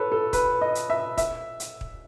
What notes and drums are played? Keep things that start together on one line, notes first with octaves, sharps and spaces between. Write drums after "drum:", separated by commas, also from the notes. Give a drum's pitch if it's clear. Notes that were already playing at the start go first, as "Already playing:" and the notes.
Already playing: A4 B4 C#5
A4
B4, drum: kick, hi-hat
D#5
drum: hi-hat
E5
E5, drum: kick, hi-hat
drum: hi-hat
drum: kick